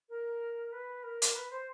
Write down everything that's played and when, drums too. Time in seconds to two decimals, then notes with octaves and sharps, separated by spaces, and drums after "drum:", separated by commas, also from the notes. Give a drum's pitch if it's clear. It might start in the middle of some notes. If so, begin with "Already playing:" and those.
0.09 A#4
0.72 B4
1.03 A#4
1.22 drum: hi-hat
1.35 B4
1.50 C5